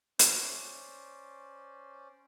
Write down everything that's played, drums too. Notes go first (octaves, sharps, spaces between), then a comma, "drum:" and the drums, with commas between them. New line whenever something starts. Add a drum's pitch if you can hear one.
C#4 C5 D5, drum: hi-hat